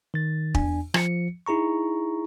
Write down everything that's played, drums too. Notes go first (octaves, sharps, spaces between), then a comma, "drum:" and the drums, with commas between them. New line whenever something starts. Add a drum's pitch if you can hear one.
D#3 A6
E2 D4 G#5, drum: kick
F3 C#7, drum: rim click
D#4 E4 G#4 A#5 C#6